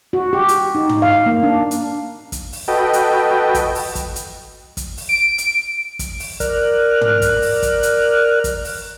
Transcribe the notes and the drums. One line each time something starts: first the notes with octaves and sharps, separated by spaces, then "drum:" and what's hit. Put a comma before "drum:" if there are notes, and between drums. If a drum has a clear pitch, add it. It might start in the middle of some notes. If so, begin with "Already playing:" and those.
F#4
G4
drum: hi-hat
D#4
drum: tom
F5
A#3
D4
drum: hi-hat
drum: kick, hi-hat
drum: open hi-hat
F#4 A4 B4 D#5 G5
drum: hi-hat
drum: kick, hi-hat
drum: open hi-hat
drum: kick, hi-hat
drum: hi-hat
drum: kick, hi-hat
drum: open hi-hat
D7
drum: hi-hat
drum: kick, hi-hat
drum: open hi-hat
A#4 D5 F6 F#6, drum: kick, hi-hat
drum: tom
drum: kick, hi-hat
drum: open hi-hat
drum: kick, hi-hat
drum: hi-hat
drum: kick, hi-hat
drum: open hi-hat